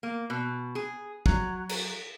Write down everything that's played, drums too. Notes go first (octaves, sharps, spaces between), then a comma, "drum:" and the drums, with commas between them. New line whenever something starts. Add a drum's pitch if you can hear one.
A#3
B2
G#4
F#3, drum: kick
drum: cymbal